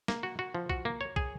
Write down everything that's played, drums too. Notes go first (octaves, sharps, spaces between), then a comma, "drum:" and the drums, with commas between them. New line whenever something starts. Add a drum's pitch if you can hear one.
A#3, drum: snare
F#4
F#4
F3
F#4, drum: kick
A#3
C#5
G#4, drum: kick